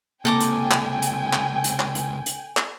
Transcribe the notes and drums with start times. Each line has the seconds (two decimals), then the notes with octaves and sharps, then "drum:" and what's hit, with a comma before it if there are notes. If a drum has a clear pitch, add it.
0.25 C#2 C3 A#3 A4 G5 G#5 A#5 D6
0.40 drum: hi-hat
0.71 drum: clap
1.02 drum: hi-hat
1.33 drum: clap
1.64 drum: hi-hat
1.80 drum: clap
1.95 drum: hi-hat
2.26 drum: hi-hat
2.57 drum: clap